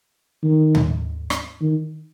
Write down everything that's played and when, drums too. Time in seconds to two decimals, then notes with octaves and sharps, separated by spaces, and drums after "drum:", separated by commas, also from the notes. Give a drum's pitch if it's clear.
0.43 D#3
0.75 drum: tom
1.30 drum: rim click
1.62 D#3